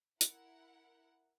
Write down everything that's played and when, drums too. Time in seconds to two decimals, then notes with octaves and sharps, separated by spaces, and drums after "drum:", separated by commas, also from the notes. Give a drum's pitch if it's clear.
0.21 E4 A#4 F#5, drum: hi-hat